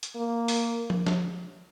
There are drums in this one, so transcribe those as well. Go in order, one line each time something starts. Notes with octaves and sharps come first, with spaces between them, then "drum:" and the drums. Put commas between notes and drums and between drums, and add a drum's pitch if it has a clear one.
drum: hi-hat
A#3
drum: open hi-hat
drum: tom F3
drum: snare